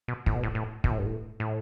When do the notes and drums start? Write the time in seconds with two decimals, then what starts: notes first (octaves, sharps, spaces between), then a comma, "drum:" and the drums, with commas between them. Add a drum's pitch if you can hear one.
0.08 B2
0.26 A2, drum: kick
0.36 B2
0.43 A2
0.55 A2
0.84 B2, drum: kick
0.90 A2
0.99 G2
1.06 A2
1.40 A2